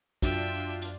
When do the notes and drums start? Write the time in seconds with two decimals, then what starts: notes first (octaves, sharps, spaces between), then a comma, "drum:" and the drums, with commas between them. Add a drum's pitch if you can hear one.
0.22 F#2 D4 F4 E5 G5, drum: kick, hi-hat
0.81 drum: hi-hat